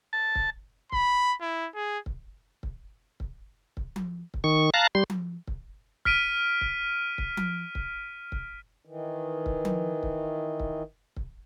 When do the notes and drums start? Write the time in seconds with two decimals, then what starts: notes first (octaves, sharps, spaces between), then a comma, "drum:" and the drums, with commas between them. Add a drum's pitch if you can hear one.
0.13 A5
0.35 drum: kick C#1
0.92 B5, drum: kick C#1
1.41 E4
1.75 G#4
2.06 drum: kick C#1
2.63 drum: kick C#1
3.20 drum: kick C#1
3.77 drum: kick C#1
3.96 drum: tom F3
4.34 drum: kick C#1
4.44 D#3 C#6
4.74 F5 A5 A#5 F#6
4.95 G3 C6
5.10 drum: tom F3
5.48 drum: kick C#1
6.05 F6 B6 D7 D#7, drum: kick C#1
6.61 drum: kick C#1
7.18 drum: kick C#1
7.37 drum: tom F3
7.75 drum: kick C#1
8.32 drum: kick C#1
8.85 D#3 E3
9.46 drum: kick C#1
9.65 drum: tom F3
10.03 drum: kick C#1
10.60 drum: kick C#1
11.17 drum: kick C#1